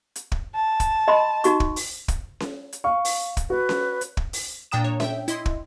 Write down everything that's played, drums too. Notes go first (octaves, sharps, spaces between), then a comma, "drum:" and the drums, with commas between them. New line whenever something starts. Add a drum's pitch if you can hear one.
drum: hi-hat
drum: kick
A5
drum: kick, hi-hat
D#5 B5 C6
D#4 F#4 C#6, drum: hi-hat
drum: kick
drum: open hi-hat
drum: kick, hi-hat
drum: snare C#4
drum: hi-hat
F5 C#6
drum: open hi-hat
drum: kick, hi-hat
F#4 B4
drum: snare C#4
drum: hi-hat
drum: kick
drum: open hi-hat
A#2 D4 G5 A#5 D#6 E7
C#5
E5 G5, drum: snare C#4
E4 D#5 C6, drum: hi-hat
drum: kick